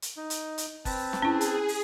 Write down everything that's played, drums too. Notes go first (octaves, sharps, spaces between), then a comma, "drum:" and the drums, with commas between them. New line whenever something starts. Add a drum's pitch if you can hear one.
drum: hi-hat
D#4
drum: hi-hat
drum: hi-hat
C4 B4 A5, drum: kick F#1, open hi-hat
drum: snare
C#4 E4 G#4
drum: hi-hat
drum: open hi-hat